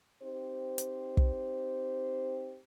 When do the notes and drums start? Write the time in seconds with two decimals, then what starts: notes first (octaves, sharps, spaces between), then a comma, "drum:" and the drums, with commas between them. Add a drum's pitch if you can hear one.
0.22 C4 D#4 G4 C5
0.78 drum: hi-hat
1.17 drum: kick